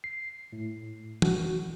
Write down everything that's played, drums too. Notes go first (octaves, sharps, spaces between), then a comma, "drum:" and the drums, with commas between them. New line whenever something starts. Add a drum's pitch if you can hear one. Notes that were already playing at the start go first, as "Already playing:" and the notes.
C7
A2
F#4, drum: tom